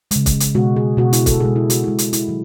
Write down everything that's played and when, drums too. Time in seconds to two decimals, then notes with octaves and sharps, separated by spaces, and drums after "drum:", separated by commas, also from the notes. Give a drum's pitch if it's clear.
0.11 C#3 G#3, drum: hi-hat
0.26 drum: kick, hi-hat
0.40 drum: hi-hat
0.55 B2 G#3 F#4
0.76 G#4
0.97 B2 G#3 F#4
1.13 E4, drum: hi-hat
1.26 A4, drum: kick, hi-hat
1.41 B2 G#3 G#4
1.56 E4
1.70 F#4, drum: hi-hat
1.84 B2 G#3 E4
1.98 drum: hi-hat
2.13 E4, drum: hi-hat
2.28 D#3 F#3